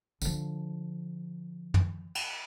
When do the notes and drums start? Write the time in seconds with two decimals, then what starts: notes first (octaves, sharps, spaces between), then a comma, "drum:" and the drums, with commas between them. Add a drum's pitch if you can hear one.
0.22 D3 F3, drum: tambourine
1.74 drum: tom
2.15 drum: cymbal